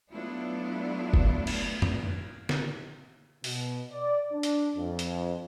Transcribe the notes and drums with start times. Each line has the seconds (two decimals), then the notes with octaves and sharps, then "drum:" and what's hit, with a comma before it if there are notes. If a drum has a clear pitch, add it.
0.11 F#3 A3 B3 D4 E4 F4
1.14 drum: kick
1.47 drum: cymbal
1.82 drum: tom F#2
2.49 drum: snare
3.44 B2, drum: open hi-hat
3.91 D5
4.33 D4
4.43 drum: hi-hat
4.77 F2
4.99 drum: hi-hat